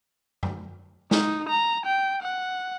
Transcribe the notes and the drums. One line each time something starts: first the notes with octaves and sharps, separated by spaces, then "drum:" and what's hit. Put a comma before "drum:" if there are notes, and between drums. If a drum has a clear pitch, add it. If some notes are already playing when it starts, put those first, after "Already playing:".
drum: tom F#2
D#4, drum: snare
A#5
G5
F#5